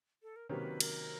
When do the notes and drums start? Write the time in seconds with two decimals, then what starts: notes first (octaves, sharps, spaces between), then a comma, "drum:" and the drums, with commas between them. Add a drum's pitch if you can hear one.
0.23 A4
0.36 A#4
0.49 C3 D#3 F#3 A#3 C#4 B4
0.80 A#4, drum: cymbal